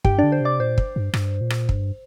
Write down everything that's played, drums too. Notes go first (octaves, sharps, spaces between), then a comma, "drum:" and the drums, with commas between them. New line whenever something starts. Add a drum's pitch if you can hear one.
G2 G4 G5, drum: kick
D4 D5
D3
C5
C3 D5 D6
A#2 C5
drum: kick
G2
G2, drum: rim click
A#2
drum: rim click
G2, drum: kick